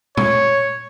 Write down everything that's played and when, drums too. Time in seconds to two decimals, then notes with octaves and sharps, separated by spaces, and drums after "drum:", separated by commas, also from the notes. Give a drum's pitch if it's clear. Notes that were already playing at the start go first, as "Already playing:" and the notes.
0.17 C#5, drum: tom A#2